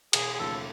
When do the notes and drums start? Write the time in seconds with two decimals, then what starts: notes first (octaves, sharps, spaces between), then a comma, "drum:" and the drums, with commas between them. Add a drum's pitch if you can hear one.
0.13 E1 G#4, drum: cymbal
0.34 G#4
0.39 D#2 C#3 F3 A3 A4